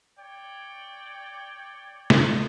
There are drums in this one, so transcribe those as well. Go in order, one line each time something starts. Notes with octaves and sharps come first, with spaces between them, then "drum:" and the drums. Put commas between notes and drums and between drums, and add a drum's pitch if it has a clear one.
C#5 D5 G5
drum: snare